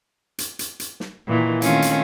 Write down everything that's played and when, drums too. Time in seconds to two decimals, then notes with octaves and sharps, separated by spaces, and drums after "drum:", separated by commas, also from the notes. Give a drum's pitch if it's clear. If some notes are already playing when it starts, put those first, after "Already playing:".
0.38 drum: hi-hat
0.59 drum: hi-hat
0.80 drum: hi-hat
1.00 drum: snare
1.28 A#2 D#3 E3
1.62 D#3 A3 C4 C#4 F4, drum: hi-hat
1.82 drum: hi-hat